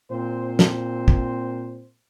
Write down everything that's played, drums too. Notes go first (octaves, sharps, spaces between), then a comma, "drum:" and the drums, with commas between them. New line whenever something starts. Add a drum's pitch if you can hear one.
A#2 C4 C5
drum: snare
drum: kick